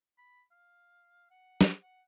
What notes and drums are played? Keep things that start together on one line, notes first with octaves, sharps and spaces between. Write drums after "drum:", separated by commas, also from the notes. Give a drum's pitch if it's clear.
B5
F5
F#5
drum: snare
F#5